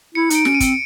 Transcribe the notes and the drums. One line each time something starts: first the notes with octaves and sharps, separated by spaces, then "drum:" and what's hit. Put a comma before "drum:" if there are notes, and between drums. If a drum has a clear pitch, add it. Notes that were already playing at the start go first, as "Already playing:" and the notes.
E4 C#7
D#4 D7, drum: hi-hat
C#4, drum: snare
D#7
C4, drum: kick, hi-hat